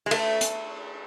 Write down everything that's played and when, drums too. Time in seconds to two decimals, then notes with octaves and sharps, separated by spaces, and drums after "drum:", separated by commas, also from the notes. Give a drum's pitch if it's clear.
0.06 G#3
0.11 A3, drum: cymbal
0.41 drum: hi-hat